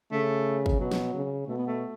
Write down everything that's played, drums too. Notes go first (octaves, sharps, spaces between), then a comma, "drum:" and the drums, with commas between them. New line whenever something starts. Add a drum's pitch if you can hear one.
C#3 A3
drum: kick
B2 F#3
drum: snare
C#3
B2 A3
B3
A3